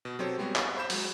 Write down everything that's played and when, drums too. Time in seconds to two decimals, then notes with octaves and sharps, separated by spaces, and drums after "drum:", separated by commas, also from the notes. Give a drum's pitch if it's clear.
0.05 B2
0.19 F#3 C4 G4 A4 C5 C#5
0.38 G3 G#3 B3 C4 F#4
0.56 C#6, drum: clap
0.77 C5 B5 G6 E7
0.90 F#3 G#3, drum: open hi-hat